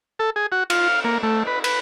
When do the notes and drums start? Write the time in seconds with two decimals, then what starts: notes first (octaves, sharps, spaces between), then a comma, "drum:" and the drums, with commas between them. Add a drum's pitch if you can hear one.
0.19 A4
0.36 G#4
0.52 F#4
0.70 F4, drum: cymbal
0.88 F5
1.04 A#3
1.23 A3
1.47 B4
1.64 B4, drum: cymbal